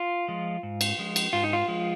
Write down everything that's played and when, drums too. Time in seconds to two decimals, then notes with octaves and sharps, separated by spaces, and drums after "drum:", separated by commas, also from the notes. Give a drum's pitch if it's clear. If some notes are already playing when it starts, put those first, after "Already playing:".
Already playing: F4
0.28 F3 G#3
0.63 G#2
0.81 drum: cymbal
0.98 F3 G#3
1.16 drum: cymbal
1.33 G#2 F4
1.44 D#4
1.53 F4
1.68 F3 G#3